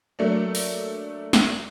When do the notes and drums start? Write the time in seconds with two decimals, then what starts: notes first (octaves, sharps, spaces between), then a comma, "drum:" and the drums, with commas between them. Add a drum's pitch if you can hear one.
0.19 F#3 A3 A#3 D4
0.55 drum: open hi-hat
1.33 drum: snare